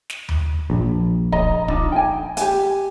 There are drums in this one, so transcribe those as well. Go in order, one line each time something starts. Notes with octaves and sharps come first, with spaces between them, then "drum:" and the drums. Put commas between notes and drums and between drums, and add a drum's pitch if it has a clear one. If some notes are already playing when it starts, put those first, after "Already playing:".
drum: snare
drum: tom D#2
A#1
D#5 A#5, drum: kick
D4 D#4 F4, drum: kick
G5 G#5
G4 G#5, drum: hi-hat